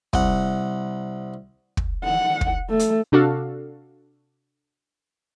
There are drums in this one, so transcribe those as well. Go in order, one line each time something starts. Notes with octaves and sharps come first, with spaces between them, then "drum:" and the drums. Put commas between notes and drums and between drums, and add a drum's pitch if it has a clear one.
C2 F#5, drum: kick
drum: kick
F#5
drum: kick
A3
drum: hi-hat
C3 D4 F#4 A4 F5